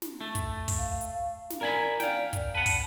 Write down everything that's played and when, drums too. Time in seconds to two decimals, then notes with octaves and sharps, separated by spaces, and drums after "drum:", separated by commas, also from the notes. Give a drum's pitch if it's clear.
0.02 drum: snare
0.21 A3
0.35 drum: kick, hi-hat
0.68 drum: kick, open hi-hat
0.78 F5
1.01 drum: hi-hat
1.50 drum: snare
1.61 A#4 D5 G#5 B5
2.00 F5 G5, drum: snare
2.33 drum: kick, hi-hat
2.55 B4 F#5 A5
2.66 drum: kick, open hi-hat